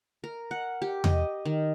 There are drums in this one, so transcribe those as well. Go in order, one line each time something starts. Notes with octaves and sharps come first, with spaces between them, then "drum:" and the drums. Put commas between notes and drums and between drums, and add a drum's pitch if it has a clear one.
A#4
F#5
G4
D#5, drum: tom E2
D#3